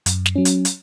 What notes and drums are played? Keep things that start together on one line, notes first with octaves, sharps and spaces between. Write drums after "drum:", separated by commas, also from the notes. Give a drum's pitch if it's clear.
F#2, drum: hi-hat
drum: snare
F#3 C#4
drum: hi-hat
drum: hi-hat